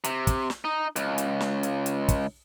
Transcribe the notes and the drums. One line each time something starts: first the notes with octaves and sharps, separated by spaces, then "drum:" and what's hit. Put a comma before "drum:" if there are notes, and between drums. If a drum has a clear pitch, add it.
C3, drum: hi-hat
drum: kick, hi-hat
drum: snare
D#4
C#2, drum: hi-hat
drum: hi-hat
drum: snare
drum: hi-hat
drum: hi-hat
drum: kick, hi-hat